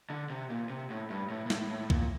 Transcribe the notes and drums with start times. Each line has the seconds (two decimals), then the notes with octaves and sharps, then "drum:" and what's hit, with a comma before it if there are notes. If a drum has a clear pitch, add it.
0.10 D3
0.30 C3
0.50 A#2
0.70 C3
0.90 A2
1.10 G2
1.30 A2
1.46 A#2
1.50 A2, drum: snare
1.70 A2
1.90 A#2, drum: kick